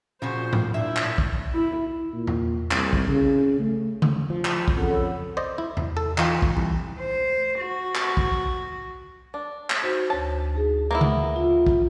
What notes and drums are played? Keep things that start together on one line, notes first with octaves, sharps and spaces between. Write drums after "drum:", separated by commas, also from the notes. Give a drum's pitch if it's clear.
A#2 C#3 F3 F#4 C5
drum: tom G#2
D4 E4 E5
drum: clap
drum: kick
E4
A#2
drum: tom E2
C2, drum: clap
drum: kick
C#3
A3
drum: tom C#3
F3
A5, drum: clap
drum: kick
F2 C#3 A4 F#5
C#5 B5 E6
F#5
C5 D5 D#5
E4
drum: tom E2
A4
E3 D#4 F4 G5, drum: clap
drum: kick
C2
C5
F#4
drum: clap
drum: kick
D4
drum: clap
D#4 F#4 C5
D2 C#5 A5
D#4 G#4
A#3 B3 E4
drum: tom C#3
F4
drum: kick